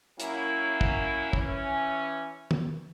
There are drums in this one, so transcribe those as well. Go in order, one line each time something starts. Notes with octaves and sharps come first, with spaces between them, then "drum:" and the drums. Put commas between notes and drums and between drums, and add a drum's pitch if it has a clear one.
F#3 A#3 C#4 E4, drum: hi-hat
drum: kick
E3 C#4, drum: kick
drum: tom